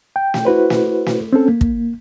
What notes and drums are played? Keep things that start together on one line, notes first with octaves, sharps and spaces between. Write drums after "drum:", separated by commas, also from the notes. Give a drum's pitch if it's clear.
G5
drum: snare
E4 F#4 B4 C5
drum: snare
drum: snare
C4 C#4 A4
A#3
drum: kick